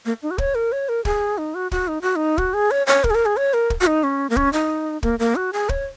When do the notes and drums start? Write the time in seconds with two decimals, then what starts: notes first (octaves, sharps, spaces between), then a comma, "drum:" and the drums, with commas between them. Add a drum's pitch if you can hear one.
0.06 A#3
0.22 D#4
0.31 F#4
0.38 C#5, drum: kick
0.55 A#4
0.72 C#5
0.89 A#4
1.05 G#4, drum: kick
1.38 D#4
1.55 F#4
1.72 F#4, drum: kick
1.88 D#4
2.02 F#4
2.16 D#4
2.38 F#4, drum: kick
2.54 G#4
2.71 C#5
2.87 C#5
3.04 A#4, drum: kick
3.10 G#4
3.15 A#4
3.26 G#4
3.37 C#5
3.54 A#4
3.70 drum: kick
3.81 F#4
3.87 D#4
4.03 C#4
4.30 A#3
4.36 C#4, drum: kick
4.53 D#4
5.03 A#3, drum: kick
5.19 A#3
5.36 F#4
5.53 G#4
5.69 C#5, drum: kick